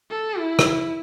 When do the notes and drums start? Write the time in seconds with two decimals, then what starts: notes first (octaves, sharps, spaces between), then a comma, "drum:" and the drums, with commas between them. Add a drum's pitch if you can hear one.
0.11 A4
0.38 E4
0.59 drum: rim click